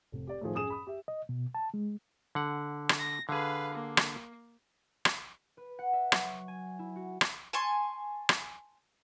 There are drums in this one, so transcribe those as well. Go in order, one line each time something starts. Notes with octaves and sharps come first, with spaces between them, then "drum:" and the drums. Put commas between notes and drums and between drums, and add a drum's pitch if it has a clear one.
F1
G4 D5
A2 D#3 F3 G#4
F#2 G#4 D#6 E7
B5 D#6
G4 E5
D#5
B2
A5
G#3
D3 F#5
drum: rim click
A#6
D3 G#4 B4 F5
A#3
drum: rim click
drum: rim click
B4
F#5
E5
F#3, drum: rim click
C#6
G#5
E4
F#4
drum: rim click
G#5 A5 C6 C#6
drum: rim click